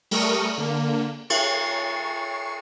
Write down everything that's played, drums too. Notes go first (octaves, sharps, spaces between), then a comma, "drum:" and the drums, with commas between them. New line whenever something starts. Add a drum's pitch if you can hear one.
G3 A3 A#4 C#6 D#6 C#7, drum: open hi-hat
D3 A#3
C#6 C7, drum: cymbal